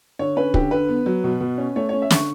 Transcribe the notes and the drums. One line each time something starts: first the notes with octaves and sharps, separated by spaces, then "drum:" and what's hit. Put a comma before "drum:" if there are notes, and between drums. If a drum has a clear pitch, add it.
D3 C#5
C#4 B4
D3 G4, drum: kick
D3 B4
B3
F#3
B2
B2
C#4
A3 C#5
C#4 C#5
E5
D3 C#6, drum: snare